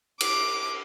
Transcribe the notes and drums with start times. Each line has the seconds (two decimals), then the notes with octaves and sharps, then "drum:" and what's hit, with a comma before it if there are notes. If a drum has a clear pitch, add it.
0.20 D6, drum: cymbal